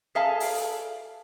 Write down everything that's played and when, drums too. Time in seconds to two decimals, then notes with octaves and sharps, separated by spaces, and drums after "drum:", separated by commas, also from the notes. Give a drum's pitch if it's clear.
0.15 G#4 A4 E5 F5 G#5 A5
0.40 drum: open hi-hat
0.55 drum: open hi-hat